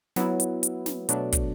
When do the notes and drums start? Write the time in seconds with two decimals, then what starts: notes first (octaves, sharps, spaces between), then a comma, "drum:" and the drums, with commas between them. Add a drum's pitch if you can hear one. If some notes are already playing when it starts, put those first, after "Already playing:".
0.16 F#3 B3 E4, drum: snare
0.40 drum: hi-hat
0.63 drum: hi-hat
0.86 drum: snare
1.09 B2 F#3 A3 D4, drum: hi-hat
1.32 drum: kick, hi-hat